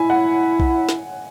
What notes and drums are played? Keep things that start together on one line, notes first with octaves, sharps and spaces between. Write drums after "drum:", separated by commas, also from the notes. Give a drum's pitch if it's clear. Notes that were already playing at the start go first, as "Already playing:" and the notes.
Already playing: E4 G#5
F#5
drum: kick B1
drum: snare